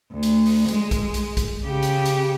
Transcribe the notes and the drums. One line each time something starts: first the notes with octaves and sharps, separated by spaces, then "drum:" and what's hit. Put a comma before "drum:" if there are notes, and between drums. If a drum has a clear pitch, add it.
D2
drum: hi-hat
drum: open hi-hat
G#3, drum: hi-hat
drum: kick A#1, hi-hat
drum: hi-hat
drum: kick A#1, hi-hat
C#3 G4
drum: hi-hat
drum: hi-hat